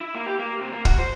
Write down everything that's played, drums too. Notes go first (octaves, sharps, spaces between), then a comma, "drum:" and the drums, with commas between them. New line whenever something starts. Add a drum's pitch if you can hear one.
E4
A#3
G4
A#3
C3
A#3
F#4, drum: kick
C5